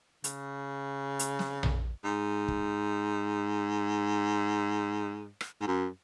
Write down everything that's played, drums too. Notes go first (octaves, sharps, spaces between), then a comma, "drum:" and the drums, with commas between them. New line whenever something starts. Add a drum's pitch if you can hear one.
C#3, drum: hi-hat
drum: hi-hat
drum: snare
drum: tom A#1
G#2
drum: kick
drum: rim click
G#2
F#2